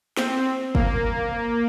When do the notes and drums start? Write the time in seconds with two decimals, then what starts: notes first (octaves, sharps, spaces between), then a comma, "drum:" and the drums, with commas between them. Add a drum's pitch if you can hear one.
0.17 C4, drum: snare
0.75 A#3, drum: kick